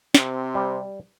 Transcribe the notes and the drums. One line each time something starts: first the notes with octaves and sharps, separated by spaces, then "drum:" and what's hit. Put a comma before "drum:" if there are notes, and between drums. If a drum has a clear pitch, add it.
C3 C4, drum: snare
G3